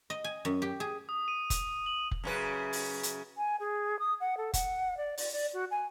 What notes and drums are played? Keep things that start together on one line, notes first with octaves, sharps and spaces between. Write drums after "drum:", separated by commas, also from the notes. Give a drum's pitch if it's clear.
D#5
G#5
F#2
G4
G#4
D#6
D#7
drum: kick F1, hi-hat
F#7
drum: kick F1
F#2 C#3 B4
drum: open hi-hat
drum: hi-hat
G#5
G#4
D#6
F#5
A4
F#5, drum: kick F1, hi-hat
D5
D5, drum: open hi-hat
D5
F#4
G#5